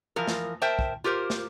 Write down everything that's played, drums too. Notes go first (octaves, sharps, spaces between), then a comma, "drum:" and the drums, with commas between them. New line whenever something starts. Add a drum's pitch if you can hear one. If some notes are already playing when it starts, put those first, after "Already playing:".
E3 F3 A#4
drum: snare
A#4 C5 E5 G5 A5
drum: kick
F4 G4 A#4 C5
drum: snare